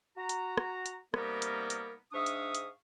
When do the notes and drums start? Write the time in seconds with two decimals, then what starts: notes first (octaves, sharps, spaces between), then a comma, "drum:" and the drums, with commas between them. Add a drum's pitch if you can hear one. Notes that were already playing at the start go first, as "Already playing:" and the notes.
0.17 F#4 A#5
0.29 drum: hi-hat
0.57 drum: rim click
0.86 drum: hi-hat
1.14 C3 G3 A#3 B3 D#4 A#4, drum: rim click
1.42 drum: hi-hat
1.70 drum: hi-hat
2.13 G#2 D4 E5 F5 C#6 D#6
2.26 drum: hi-hat
2.55 drum: hi-hat